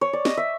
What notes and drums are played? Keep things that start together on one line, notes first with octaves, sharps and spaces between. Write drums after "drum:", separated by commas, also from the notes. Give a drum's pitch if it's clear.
C#5
D5
D#5, drum: snare
E5